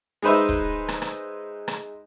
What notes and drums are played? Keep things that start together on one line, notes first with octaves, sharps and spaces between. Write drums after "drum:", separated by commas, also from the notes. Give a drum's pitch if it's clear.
G#3 D#4 B4 C5 E5
drum: kick
drum: rim click
drum: rim click
drum: rim click